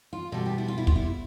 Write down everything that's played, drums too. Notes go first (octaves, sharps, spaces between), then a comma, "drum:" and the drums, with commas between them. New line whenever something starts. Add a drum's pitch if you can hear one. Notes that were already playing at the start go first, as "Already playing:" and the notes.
F4
B2 G3 A4
G4
E4
F4
E4
F4, drum: kick
E4